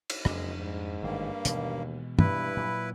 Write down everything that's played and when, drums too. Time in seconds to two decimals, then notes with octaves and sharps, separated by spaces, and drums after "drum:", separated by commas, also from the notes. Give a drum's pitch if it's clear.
0.10 drum: cymbal
0.25 F#1 F2 G#3 D4, drum: rim click
0.60 G#2 G3
1.03 A1 G2 D#3 A#3
1.45 D#2 B2 E3 G#3, drum: hi-hat
2.19 G2 E4 B4, drum: tom
2.57 A#2 F#3